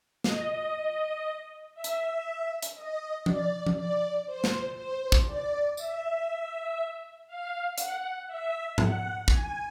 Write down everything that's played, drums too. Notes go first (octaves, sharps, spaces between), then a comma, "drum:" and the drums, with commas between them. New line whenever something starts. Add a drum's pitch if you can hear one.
D#5, drum: snare
E5
drum: hi-hat
drum: hi-hat
D#5
D5, drum: tom F3
drum: tom F3
D5
C5
drum: snare
C5
drum: kick
D5
E5, drum: tambourine
F5
F#5, drum: hi-hat
E5
F#5, drum: tom G#2
G#5, drum: kick